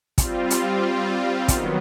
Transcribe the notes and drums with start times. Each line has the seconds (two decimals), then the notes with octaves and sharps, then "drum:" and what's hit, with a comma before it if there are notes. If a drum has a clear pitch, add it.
0.18 G3 C4 F4, drum: kick, hi-hat
0.50 drum: hi-hat
1.48 D#3 F#3 B3, drum: kick, hi-hat